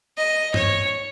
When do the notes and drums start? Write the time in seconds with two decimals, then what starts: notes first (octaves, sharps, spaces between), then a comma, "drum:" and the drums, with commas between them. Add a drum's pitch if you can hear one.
0.17 D#5
0.54 C#5, drum: tom G2